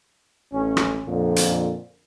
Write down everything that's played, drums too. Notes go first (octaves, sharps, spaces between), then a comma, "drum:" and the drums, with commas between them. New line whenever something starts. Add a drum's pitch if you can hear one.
A1 C#4
drum: rim click
F2 A#2 D3
drum: hi-hat